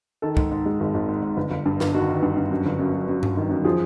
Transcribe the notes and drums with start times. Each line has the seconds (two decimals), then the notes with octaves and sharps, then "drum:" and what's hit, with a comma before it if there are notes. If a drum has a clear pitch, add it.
0.22 D#3 A4
0.37 G#2, drum: kick C2
0.51 G#2
0.66 G#3
0.80 G#1
0.94 G#1
1.08 G#2
1.22 G#2
1.37 G1
1.51 G1
1.66 G2
1.80 G1, drum: snare
1.94 D#3 F#4
2.09 D#3
2.23 G2
2.37 G2
2.50 F#2
2.66 G1
2.79 F#2
2.94 F#2
3.09 F#2
3.23 F#2, drum: tom G2
3.37 D#3
3.50 F#2
3.64 F3 G#4